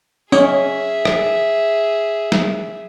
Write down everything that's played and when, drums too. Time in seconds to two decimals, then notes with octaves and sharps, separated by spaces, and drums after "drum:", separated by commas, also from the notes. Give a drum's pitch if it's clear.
0.32 C#4 G#4 E5, drum: tambourine
1.05 drum: rim click
2.32 drum: snare